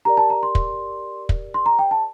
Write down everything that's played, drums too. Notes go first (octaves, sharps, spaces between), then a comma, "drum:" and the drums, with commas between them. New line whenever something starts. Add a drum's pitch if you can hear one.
G4 A#4 D5 A#5
A5
A#5
C6
drum: kick
drum: kick
C6
A#5
G5
A5